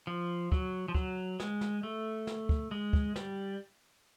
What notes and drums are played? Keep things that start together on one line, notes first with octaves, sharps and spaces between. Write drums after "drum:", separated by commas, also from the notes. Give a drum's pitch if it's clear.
F3
F#3, drum: kick
F3
F#3, drum: kick
G#3, drum: snare
drum: snare
A3
drum: snare
drum: kick
G#3
drum: kick
G3, drum: snare